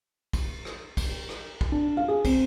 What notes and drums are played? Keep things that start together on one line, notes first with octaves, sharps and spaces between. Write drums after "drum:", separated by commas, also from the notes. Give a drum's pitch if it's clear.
drum: kick, cymbal
drum: rim click
drum: kick, cymbal
drum: rim click
drum: kick
D4
F5
G#4
C4, drum: kick, cymbal